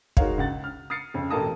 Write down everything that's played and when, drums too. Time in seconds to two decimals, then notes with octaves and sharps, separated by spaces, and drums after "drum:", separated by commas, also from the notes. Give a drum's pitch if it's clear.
0.17 G#3 D#4 F#4 A#4 C#5 F5, drum: kick
0.38 C#2 F#5 A6
0.64 F6
0.90 D#6 F6 A6 C7 C#7
1.14 F2 C#3
1.31 E1 A1 A3 A#3 A5 D#6